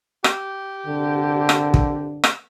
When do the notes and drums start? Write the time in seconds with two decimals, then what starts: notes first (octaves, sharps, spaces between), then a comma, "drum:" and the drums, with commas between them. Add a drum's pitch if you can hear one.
0.24 G4, drum: rim click
0.86 C2 G2 D3
1.49 drum: rim click
1.74 drum: kick
2.24 drum: rim click